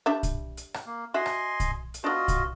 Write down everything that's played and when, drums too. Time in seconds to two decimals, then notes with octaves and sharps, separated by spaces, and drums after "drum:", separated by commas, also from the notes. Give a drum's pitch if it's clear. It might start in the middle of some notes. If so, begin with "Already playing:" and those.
0.06 G3 D4 E5
0.23 drum: kick, hi-hat
0.57 drum: hi-hat
0.74 drum: rim click
0.86 A#3
1.14 F#4 D#5 E5 G#5 C6
1.26 drum: rim click
1.60 drum: kick, hi-hat
1.94 drum: hi-hat
2.04 B3 D4 F4 F#4 D#5
2.28 drum: kick, hi-hat